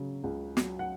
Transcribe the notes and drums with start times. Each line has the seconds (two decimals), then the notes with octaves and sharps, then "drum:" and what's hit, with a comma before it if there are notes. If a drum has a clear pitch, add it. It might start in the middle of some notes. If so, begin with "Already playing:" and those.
Already playing: C#3 F#3
0.24 C#2
0.57 F#3, drum: snare
0.79 F#5